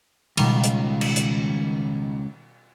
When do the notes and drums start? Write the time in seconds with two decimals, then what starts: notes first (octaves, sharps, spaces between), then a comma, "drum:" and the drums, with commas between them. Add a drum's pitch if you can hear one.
0.37 C#2 B2 D#3 G3, drum: cymbal
0.64 drum: hi-hat
1.01 drum: cymbal
1.16 drum: hi-hat